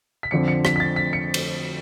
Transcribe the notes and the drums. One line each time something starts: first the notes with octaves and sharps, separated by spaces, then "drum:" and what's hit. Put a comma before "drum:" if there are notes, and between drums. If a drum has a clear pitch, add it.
B6
F2 D3 F3 C#7
C#7
B6, drum: rim click
B6
A6
B6
C#7
drum: cymbal